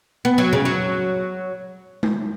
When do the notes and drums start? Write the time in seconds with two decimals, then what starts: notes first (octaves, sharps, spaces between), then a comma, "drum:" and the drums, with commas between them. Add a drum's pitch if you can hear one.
0.25 B3
0.38 F#3
0.53 C#3, drum: tom A#2
0.65 F#3
2.03 drum: tom G#3